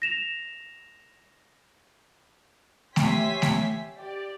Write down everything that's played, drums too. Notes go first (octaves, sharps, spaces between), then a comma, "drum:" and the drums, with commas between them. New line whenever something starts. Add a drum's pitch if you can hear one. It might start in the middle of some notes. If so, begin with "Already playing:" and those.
A#6 E7 F7
G4 C#5 E5 G#5 C6 B6, drum: snare A3
drum: snare A3
G4 D5